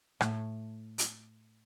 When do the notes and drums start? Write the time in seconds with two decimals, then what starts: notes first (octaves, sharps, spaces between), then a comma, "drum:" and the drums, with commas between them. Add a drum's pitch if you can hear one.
0.21 A2, drum: rim click
0.98 drum: hi-hat